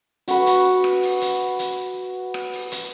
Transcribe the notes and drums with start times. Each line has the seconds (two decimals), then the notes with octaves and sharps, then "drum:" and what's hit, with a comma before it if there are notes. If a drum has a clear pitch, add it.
0.28 F#4 B4, drum: hi-hat
0.46 drum: hi-hat
0.84 drum: rim click
1.03 drum: open hi-hat
1.21 drum: hi-hat
1.59 drum: hi-hat
2.34 drum: rim click
2.53 drum: open hi-hat
2.72 drum: hi-hat